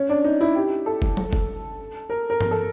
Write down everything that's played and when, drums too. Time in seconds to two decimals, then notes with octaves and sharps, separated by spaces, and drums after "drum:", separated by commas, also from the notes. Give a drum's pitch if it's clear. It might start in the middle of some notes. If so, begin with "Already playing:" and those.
Already playing: C#4
0.09 D4
0.24 D#4
0.41 E4
0.55 G4
0.86 A4
1.02 drum: kick
1.17 drum: tom F#3
1.33 drum: kick
2.10 A#4
2.30 A#4
2.41 A#4, drum: tom G2
2.51 A4